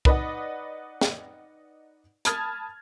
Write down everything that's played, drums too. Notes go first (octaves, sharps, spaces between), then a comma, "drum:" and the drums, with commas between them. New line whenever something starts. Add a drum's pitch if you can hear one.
D#4 B4 D5 D#5 F#5, drum: kick C2
drum: snare
A5 B5 D#6 F6 G#6 A6, drum: hi-hat